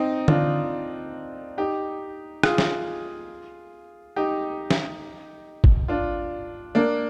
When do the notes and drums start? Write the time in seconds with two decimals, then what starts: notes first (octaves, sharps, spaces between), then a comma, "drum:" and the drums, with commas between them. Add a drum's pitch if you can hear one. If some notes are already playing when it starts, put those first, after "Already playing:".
Already playing: C4 D#4
0.28 D4 F4, drum: tom D3
1.58 D#4 G4
2.43 F4 G#4, drum: rim click
2.58 drum: snare
4.16 D#4 G4
4.71 drum: snare
5.64 drum: kick G1
5.88 D4 F4
6.75 A#3 D4